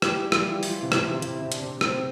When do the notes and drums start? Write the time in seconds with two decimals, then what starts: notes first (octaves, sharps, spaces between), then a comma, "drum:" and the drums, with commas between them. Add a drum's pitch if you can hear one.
0.02 E3 G4, drum: rim click
0.22 G3
0.32 F4, drum: rim click
0.42 E3
0.63 E3 F4, drum: open hi-hat
0.83 C3
0.92 E4, drum: rim click
1.02 C3
1.14 F4
1.22 C3 E4, drum: hi-hat
1.42 C3
1.52 D4, drum: hi-hat
1.61 C3
1.81 C3 C4, drum: rim click